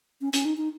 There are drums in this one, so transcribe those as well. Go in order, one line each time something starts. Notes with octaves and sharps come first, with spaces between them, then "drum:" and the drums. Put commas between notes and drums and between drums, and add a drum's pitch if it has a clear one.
C#4
C#4, drum: hi-hat
D#4
D#4